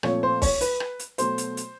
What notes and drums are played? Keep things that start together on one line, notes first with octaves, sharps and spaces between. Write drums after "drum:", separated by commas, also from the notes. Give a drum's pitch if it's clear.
A#2 F3 A3 C4 C#5, drum: rim click
C5
C#5, drum: kick, open hi-hat
B4, drum: hi-hat
drum: rim click
drum: hi-hat
B2 F#3 A3 C5, drum: hi-hat
drum: hi-hat
drum: hi-hat